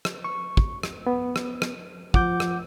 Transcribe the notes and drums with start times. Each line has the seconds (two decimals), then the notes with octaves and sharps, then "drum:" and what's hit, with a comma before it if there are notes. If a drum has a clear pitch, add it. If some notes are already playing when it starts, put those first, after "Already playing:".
0.05 drum: rim click
0.24 C#6
0.57 drum: kick
0.83 drum: rim click
1.07 B3
1.36 drum: rim click
1.62 drum: rim click
2.14 F3 F#5 D6 G6, drum: kick
2.40 drum: rim click